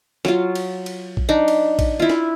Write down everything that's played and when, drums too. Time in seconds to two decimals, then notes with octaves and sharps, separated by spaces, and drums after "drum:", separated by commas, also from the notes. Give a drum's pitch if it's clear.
0.25 F#3 F4, drum: snare
0.55 drum: cymbal
0.86 drum: cymbal
1.17 drum: kick A#1
1.29 D4 D#4
1.48 drum: cymbal
1.79 drum: kick A#1, cymbal
2.00 E4 F4
2.10 drum: snare